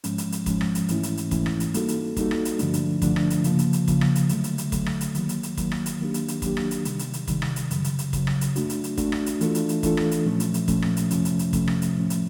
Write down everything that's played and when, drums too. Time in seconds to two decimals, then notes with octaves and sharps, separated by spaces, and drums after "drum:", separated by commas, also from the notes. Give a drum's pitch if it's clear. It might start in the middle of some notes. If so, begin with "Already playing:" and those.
0.04 G#2 F3 G#3 C#4, drum: hi-hat
0.18 drum: hi-hat
0.32 drum: hi-hat
0.46 G#2 F3 G#3 C#4, drum: kick, hi-hat
0.61 drum: rim click
0.75 drum: hi-hat
0.88 G#2 E3 A3 C#4 E4, drum: hi-hat
1.03 drum: hi-hat
1.17 drum: hi-hat
1.31 G#2 E3 A3 C#4 E4, drum: kick, hi-hat
1.46 drum: rim click
1.60 drum: hi-hat
1.74 G3 A#3 D#4 F#4 A4, drum: hi-hat
1.88 drum: hi-hat
2.17 G3 A#3 D#4 F#4 A4, drum: kick, hi-hat
2.31 drum: rim click
2.45 drum: hi-hat
2.59 G2 D3 F3 A3 D4, drum: hi-hat
2.74 drum: hi-hat
3.02 G2 D3 F3 A3 D4, drum: kick, hi-hat
3.16 drum: rim click
3.30 drum: hi-hat
3.44 C#3 F3 A#3, drum: hi-hat
3.59 drum: hi-hat
3.73 drum: hi-hat
3.88 C#3 F3 A#3, drum: kick, hi-hat
4.01 drum: rim click
4.15 drum: hi-hat
4.29 D3 F#3 A3, drum: hi-hat
4.44 drum: hi-hat
4.58 drum: hi-hat
4.72 D3 F#3 A3, drum: kick, hi-hat
4.86 drum: rim click
5.01 drum: hi-hat
5.15 D#3 F#3 A#3, drum: hi-hat
5.29 drum: hi-hat
5.43 drum: hi-hat
5.57 D#3 F#3 A#3, drum: kick, hi-hat
5.72 drum: rim click
5.86 drum: hi-hat
6.00 D#3 F#3 A#3 D4 G4
6.14 drum: hi-hat
6.28 drum: hi-hat
6.42 D#3 F#3 A#3 D4 G4, drum: kick, hi-hat
6.57 drum: rim click
6.71 drum: hi-hat
6.85 C3 D#3 G3, drum: hi-hat
6.99 drum: hi-hat
7.13 drum: hi-hat
7.28 C3 D#3 G3, drum: kick, hi-hat
7.42 drum: rim click
7.56 drum: hi-hat
7.71 F#2 C#3 F#3, drum: hi-hat
7.84 drum: hi-hat
7.99 drum: hi-hat
8.13 F#2 C#3 F#3, drum: kick, hi-hat
8.27 drum: rim click
8.41 drum: hi-hat
8.56 A3 D4 F#4, drum: hi-hat
8.70 drum: hi-hat
8.84 drum: hi-hat
8.98 A3 D4 F#4, drum: kick, hi-hat
9.12 drum: rim click
9.26 drum: hi-hat
9.41 E3 A3 D4 F4 A4, drum: hi-hat
9.55 drum: hi-hat
9.69 drum: hi-hat
9.83 E3 A3 D4 F4 A4, drum: kick, hi-hat
9.97 drum: rim click
10.11 drum: hi-hat
10.25 A#2 F3 A3 C#4
10.40 drum: hi-hat
10.54 drum: hi-hat
10.68 A#2 F3 A3 C#4, drum: kick, hi-hat
10.82 drum: rim click
10.97 drum: hi-hat
11.11 F2 C3 F3 A3 C#4, drum: hi-hat
11.25 drum: hi-hat
11.39 drum: hi-hat
11.53 F2 C3 F3 A3 C#4, drum: kick, hi-hat
11.68 drum: rim click
11.82 drum: hi-hat
11.96 A2 F3 A3 C#4
12.10 drum: hi-hat